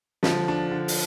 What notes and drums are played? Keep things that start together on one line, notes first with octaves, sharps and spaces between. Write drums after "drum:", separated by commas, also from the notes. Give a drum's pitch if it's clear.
D3 F3, drum: snare
D4
D3
drum: open hi-hat